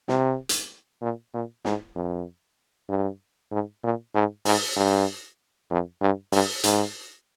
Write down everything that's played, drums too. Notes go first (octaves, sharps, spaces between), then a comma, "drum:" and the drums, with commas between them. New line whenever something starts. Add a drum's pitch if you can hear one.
C3, drum: snare
drum: hi-hat
A#2
A#2
G#2, drum: snare
F2
G2
G#2
A#2
G#2
G#2, drum: open hi-hat
G2
F2
G2
G2, drum: open hi-hat
G#2, drum: hi-hat